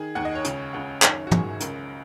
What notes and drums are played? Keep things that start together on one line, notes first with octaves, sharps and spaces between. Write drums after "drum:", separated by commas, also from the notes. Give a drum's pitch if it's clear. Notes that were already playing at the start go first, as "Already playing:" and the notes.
Already playing: D#3 G#4
D#2 D#3 F#5
D#5
C#5
C#2 C#3, drum: hi-hat
C#2 C#3 F#5
F#1 F#2 D#3 C#5, drum: clap
F#4
F#1 F#2 D#3 G#4, drum: tom
C#2 C#3 A#4, drum: hi-hat